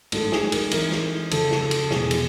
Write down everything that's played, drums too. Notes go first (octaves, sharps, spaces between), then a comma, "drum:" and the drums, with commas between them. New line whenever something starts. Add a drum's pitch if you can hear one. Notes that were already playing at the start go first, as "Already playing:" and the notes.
A1 G#2 D#3 F#3 A4, drum: cymbal
G#4, drum: snare
A#4, drum: cymbal
G#1 G#2 E3 A#4, drum: cymbal
drum: snare
F2 C#3 F3 A4, drum: cymbal
drum: snare
A4
drum: cymbal
E1 E2 C3 F3 G#4, drum: snare
drum: cymbal